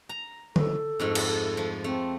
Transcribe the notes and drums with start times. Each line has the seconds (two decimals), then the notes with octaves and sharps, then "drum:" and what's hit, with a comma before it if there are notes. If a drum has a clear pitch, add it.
0.09 A#5
0.56 A4, drum: tom D3
1.00 F2 G#2 A3
1.15 drum: cymbal
1.57 F3
1.84 A3 C4